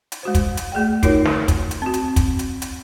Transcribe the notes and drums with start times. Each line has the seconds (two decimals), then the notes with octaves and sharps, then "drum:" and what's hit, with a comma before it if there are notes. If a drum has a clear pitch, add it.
0.12 drum: hi-hat
0.23 G#3 F#4 C5
0.35 drum: kick, hi-hat
0.57 drum: hi-hat
0.72 A3 G#4 D5 G5
1.03 D#4 F4 F#4 A#4 C#5, drum: kick, hi-hat
1.25 drum: snare
1.48 drum: kick, hi-hat
1.71 drum: hi-hat
1.82 C4 F#4
1.94 drum: hi-hat
2.16 drum: kick, hi-hat
2.39 drum: hi-hat
2.62 drum: hi-hat